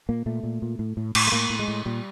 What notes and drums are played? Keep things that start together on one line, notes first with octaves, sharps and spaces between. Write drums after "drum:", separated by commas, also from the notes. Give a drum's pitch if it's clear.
A#2 A#3
A#2 A3
A#2
A#2
A2
A2
A2, drum: cymbal
A3
A2 A#3
A2
G#3
A2
A#2 G3